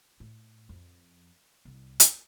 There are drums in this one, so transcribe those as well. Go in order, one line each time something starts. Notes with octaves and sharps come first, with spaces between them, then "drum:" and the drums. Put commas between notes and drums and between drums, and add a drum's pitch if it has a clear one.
A2
F2
C2
drum: hi-hat